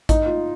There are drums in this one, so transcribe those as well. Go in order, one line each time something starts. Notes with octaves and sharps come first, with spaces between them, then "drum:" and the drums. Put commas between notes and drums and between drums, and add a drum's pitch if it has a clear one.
D#4, drum: kick A1, hi-hat
F4